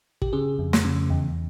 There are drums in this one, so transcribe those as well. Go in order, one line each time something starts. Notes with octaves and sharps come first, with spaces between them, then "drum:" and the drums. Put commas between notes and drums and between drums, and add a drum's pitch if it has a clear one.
G4, drum: kick
C#3 G#4
F2
drum: snare
C#3
E2